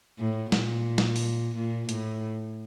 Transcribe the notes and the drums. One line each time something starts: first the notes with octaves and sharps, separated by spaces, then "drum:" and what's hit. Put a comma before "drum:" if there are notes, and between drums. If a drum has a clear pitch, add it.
A2
A#2, drum: snare
drum: snare
drum: open hi-hat
A#2
A2, drum: hi-hat